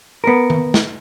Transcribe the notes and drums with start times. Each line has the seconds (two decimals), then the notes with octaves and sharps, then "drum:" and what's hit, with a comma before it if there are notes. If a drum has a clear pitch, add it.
0.24 B3 A#4
0.50 drum: tom D#3
0.74 drum: snare